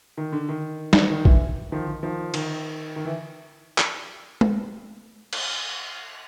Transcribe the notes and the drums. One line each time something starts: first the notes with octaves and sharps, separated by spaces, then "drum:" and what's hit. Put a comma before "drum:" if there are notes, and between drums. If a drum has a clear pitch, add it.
D#3
D3
D#3
drum: snare
D#3
D3 E3, drum: kick A#1
D#3 F3
D#3
D#3 F3
D#3, drum: cymbal
D#3
E3
drum: clap
drum: tom G#3
drum: cymbal